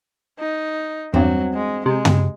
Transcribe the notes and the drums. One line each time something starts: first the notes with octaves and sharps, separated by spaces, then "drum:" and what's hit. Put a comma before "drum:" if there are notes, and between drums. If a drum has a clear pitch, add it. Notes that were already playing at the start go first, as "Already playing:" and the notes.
D#4
E2 G2 F#3 C4
G#3
C3 G#3
drum: tom